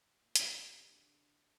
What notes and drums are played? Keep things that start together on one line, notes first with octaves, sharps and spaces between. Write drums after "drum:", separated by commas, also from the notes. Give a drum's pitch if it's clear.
A#2
drum: hi-hat
C3
D3